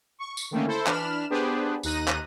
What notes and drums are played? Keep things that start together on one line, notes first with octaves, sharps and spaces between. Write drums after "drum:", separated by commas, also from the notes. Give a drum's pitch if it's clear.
C#6
drum: tambourine
D3 D#3 A3 A#3 C#4
E4 A4 C5
E3 D4 B5 F6 E7, drum: clap
B3 D4 G4 G#4 B4 C5
D#2 D#4 F#6 A#6 D#7, drum: tambourine
drum: clap